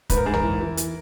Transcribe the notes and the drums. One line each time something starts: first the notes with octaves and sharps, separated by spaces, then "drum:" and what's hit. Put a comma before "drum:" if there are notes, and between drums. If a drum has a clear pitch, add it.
G#2 B4, drum: kick, hi-hat
A#4
G#2 G#4
A#4, drum: tom
E3
E3
drum: hi-hat